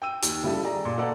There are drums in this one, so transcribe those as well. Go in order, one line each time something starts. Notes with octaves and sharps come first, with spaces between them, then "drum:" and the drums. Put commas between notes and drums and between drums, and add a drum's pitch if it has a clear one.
G5 E6 D#7
D#2, drum: hi-hat
C#3 G3 E4 A4
G4 G#4 D5 A#5
A#2
A#3 A4 B4 D5 F#5